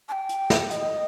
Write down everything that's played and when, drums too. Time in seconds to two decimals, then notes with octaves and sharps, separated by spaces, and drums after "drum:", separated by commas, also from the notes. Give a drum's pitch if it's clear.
0.08 A5
0.12 G5
0.29 drum: hi-hat
0.50 drum: snare
0.71 D#5, drum: hi-hat